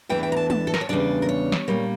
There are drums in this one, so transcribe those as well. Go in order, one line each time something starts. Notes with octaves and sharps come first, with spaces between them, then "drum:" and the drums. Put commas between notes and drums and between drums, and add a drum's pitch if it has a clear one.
E2 E3 A3 D4 G5
G5
A#5
A5
A5, drum: tom
A4
A#4, drum: snare
C#5
E2 C#3 G3 D4 D5
A#4
C#5
drum: snare
A#2 G3 A#3